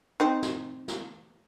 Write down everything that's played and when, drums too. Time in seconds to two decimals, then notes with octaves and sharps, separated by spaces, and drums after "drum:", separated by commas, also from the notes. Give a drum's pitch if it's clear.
0.20 C4 D#4
0.43 drum: snare
0.88 drum: snare